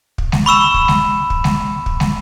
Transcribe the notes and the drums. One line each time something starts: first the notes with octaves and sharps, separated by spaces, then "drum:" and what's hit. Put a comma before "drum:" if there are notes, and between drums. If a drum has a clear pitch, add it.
drum: kick
drum: snare
B5 C#6 E6 E7
drum: kick
drum: snare
drum: kick
drum: snare
drum: kick
drum: snare